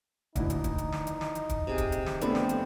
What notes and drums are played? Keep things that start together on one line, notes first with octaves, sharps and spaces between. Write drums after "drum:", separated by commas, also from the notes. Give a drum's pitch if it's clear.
D2 E3 D#4, drum: kick, hi-hat
drum: hi-hat
drum: kick, hi-hat
drum: hi-hat
drum: snare
drum: hi-hat
drum: snare
drum: hi-hat
drum: kick, hi-hat
C3 G#4
drum: kick, hi-hat
drum: hi-hat
drum: snare
F2 A3 B3 C4 D4, drum: hi-hat
drum: snare
drum: hi-hat